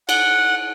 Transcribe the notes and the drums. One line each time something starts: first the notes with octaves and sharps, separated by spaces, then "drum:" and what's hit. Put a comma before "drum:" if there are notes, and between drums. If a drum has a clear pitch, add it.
F#5, drum: cymbal